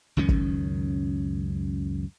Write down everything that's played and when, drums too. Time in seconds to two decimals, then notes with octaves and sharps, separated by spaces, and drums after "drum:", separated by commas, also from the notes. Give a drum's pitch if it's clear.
0.17 C#2 F#2 D#3 C#4
0.29 drum: kick